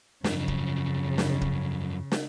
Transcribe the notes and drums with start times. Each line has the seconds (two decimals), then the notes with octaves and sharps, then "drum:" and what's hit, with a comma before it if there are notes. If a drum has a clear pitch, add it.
0.24 F#2 C#3 F3, drum: snare
0.48 drum: kick
1.18 drum: snare
1.41 drum: kick
2.12 drum: snare